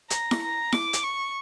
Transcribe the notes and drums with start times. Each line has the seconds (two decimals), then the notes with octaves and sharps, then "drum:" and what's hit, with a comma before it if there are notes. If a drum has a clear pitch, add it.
0.10 A#5, drum: hi-hat
0.31 drum: snare E4
0.42 A#5
0.72 D6, drum: snare E4
0.93 drum: hi-hat
1.04 C#6